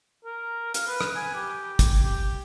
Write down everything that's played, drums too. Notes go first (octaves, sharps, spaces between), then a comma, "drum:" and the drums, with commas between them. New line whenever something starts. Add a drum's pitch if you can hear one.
A#4
F5, drum: hi-hat
B4
drum: rim click
G#5
G4
drum: kick, hi-hat
G4